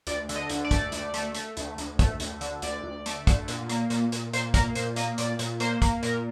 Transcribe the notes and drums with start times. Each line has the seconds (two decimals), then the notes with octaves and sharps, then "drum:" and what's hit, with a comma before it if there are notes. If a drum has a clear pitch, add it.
0.07 D2 D5, drum: hi-hat
0.29 D3, drum: hi-hat
0.36 D#5
0.49 D2, drum: hi-hat
0.65 D5
0.71 A3, drum: kick, hi-hat
0.92 D2, drum: hi-hat
1.14 A3, drum: hi-hat
1.35 A3, drum: hi-hat
1.57 D2, drum: hi-hat
1.78 D2, drum: hi-hat
1.99 A3, drum: kick, hi-hat
2.20 D2, drum: hi-hat
2.41 D3, drum: hi-hat
2.62 D2 D5, drum: hi-hat
2.83 D2
3.06 A3, drum: hi-hat
3.27 D3, drum: kick, hi-hat
3.48 A#2, drum: hi-hat
3.70 A#3, drum: hi-hat
3.90 A#2, drum: hi-hat
4.12 A#2, drum: hi-hat
4.33 A#2 C5, drum: hi-hat
4.54 A#3 A#4, drum: kick, hi-hat
4.75 A#2 C5, drum: hi-hat
4.96 A#3 D#5, drum: hi-hat
5.18 A#2 D5, drum: hi-hat
5.39 A#2, drum: hi-hat
5.60 A#3 C5, drum: hi-hat
5.82 A#3, drum: kick, hi-hat
6.03 A#2 A#4, drum: hi-hat